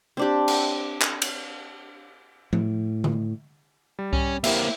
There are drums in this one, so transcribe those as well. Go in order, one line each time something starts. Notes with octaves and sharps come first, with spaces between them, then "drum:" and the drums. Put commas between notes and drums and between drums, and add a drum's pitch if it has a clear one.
C4 D4 G4
drum: cymbal
drum: clap
drum: cymbal
A2, drum: tom F3
drum: tom D3
G3
C#4, drum: kick C2
A#3 C4 E4 G4 E5, drum: cymbal